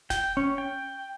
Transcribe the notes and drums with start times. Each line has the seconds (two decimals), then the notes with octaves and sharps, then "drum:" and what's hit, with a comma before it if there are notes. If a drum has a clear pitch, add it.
0.10 G5, drum: snare E1
0.37 C#4
0.58 G5